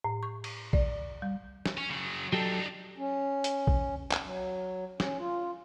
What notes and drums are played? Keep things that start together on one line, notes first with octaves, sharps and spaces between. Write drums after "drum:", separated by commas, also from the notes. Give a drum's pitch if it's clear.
A2
C#6
drum: cymbal
D5, drum: kick A#1
G3
drum: snare
C#4
C#3 F#3
F#3 D4 D#4 G4 A4
C#4
drum: hi-hat
drum: kick A#1
drum: clap
F#3
C#4, drum: snare
F4